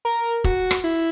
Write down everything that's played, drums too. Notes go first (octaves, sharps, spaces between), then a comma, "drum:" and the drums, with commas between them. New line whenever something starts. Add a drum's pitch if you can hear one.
A#4
F#4, drum: kick
drum: rim click
E4